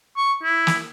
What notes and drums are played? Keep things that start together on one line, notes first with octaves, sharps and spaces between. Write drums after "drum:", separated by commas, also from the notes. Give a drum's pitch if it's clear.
C#6
E4
drum: snare